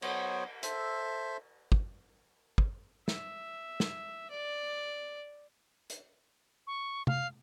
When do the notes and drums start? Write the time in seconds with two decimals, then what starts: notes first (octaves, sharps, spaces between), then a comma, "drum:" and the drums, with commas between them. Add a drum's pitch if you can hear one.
0.02 F#3 B3 C5 C#5, drum: cymbal
0.63 A4 C5 E5, drum: hi-hat
1.72 drum: kick
2.58 drum: kick
3.08 E5, drum: snare
3.80 drum: snare
4.31 D5
5.90 drum: hi-hat
6.67 C#6
7.07 F5, drum: tom